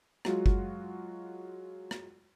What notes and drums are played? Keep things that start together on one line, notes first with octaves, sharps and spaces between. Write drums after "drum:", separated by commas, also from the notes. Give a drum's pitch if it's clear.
F#3 G#3 F4 F#4, drum: rim click
drum: kick G1
drum: rim click